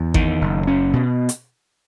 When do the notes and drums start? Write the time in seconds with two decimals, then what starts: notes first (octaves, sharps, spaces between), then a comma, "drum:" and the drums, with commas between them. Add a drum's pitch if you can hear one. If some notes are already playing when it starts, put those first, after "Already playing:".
Already playing: E2
0.14 D#3, drum: kick G#1
0.41 F#1
0.67 C#4
0.93 B2
1.29 drum: hi-hat